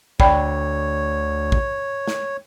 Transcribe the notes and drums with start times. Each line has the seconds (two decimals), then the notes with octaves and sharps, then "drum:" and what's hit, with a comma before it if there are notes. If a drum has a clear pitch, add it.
0.20 D2 C#5 D5 G5 B5, drum: kick
1.52 drum: kick
2.07 drum: snare